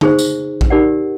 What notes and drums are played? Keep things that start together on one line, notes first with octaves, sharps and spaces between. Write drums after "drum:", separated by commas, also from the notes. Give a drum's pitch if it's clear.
D#4 G#4 C5, drum: tom D3
drum: tambourine
drum: kick A#1
D#4 G4 A#4 D5 F#5